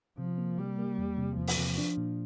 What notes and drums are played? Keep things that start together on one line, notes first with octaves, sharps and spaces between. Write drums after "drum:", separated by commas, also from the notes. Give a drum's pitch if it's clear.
C3 F3
A#3
C3 G3
A#3
E2
C3
E2 F3
drum: open hi-hat
C3
D4
A#2